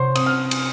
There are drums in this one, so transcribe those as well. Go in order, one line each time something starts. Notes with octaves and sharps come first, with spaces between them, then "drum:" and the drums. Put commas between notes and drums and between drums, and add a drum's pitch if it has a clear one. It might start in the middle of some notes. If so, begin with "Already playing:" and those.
Already playing: C3 C5 C#5 C6 C#6
C4 D#6, drum: cymbal
F6
drum: cymbal